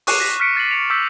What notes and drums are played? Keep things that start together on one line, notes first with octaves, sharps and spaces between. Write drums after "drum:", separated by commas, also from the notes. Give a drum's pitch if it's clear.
C#6 D6 F#6 C7 D#7 E7, drum: open hi-hat
A#6 B6
F6 F#6 B6 C#7 D7
F6 A6 C7 F#7
A6 B6 C#7 F7
C#6 D6 E6 G6 B6